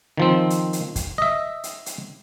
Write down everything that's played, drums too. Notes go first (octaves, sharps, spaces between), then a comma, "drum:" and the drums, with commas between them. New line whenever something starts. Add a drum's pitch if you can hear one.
D#3 F3 C4
drum: hi-hat
drum: hi-hat
drum: kick, hi-hat
D#5 E5
drum: hi-hat
drum: hi-hat